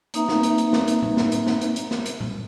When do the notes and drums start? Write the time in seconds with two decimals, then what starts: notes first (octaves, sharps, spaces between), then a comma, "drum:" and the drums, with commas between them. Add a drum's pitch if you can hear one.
0.14 A#3 C4 D#4 B4 E5 A#5, drum: hi-hat
0.29 drum: snare
0.43 drum: hi-hat
0.58 drum: hi-hat
0.73 drum: snare
0.88 drum: hi-hat
1.02 drum: tom A2
1.17 drum: snare
1.32 drum: hi-hat
1.47 drum: snare
1.61 drum: hi-hat
1.76 drum: hi-hat
1.91 drum: snare
2.06 drum: hi-hat
2.20 drum: tom A2